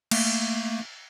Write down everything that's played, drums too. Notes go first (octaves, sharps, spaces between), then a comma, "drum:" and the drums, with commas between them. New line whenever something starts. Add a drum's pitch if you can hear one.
A3 A#3, drum: cymbal